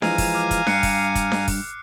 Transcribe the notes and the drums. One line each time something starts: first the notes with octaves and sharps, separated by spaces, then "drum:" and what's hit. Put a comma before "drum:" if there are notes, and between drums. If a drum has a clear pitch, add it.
E3 F3 G#3 F5 G#5 A#5, drum: snare D4
drum: kick, open hi-hat
D6 F6
drum: kick, hi-hat
G2 F#6 C7 C#7, drum: snare D4
drum: kick, open hi-hat
drum: kick, hi-hat
drum: snare D4
drum: kick, open hi-hat